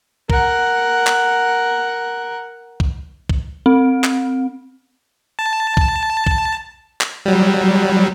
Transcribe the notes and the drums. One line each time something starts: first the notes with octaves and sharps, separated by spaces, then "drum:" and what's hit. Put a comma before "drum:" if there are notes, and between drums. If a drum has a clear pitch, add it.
A#4 F#5, drum: kick
drum: clap
drum: kick
drum: kick
C4
drum: clap
A5
drum: kick
drum: kick
drum: clap
F#3 G3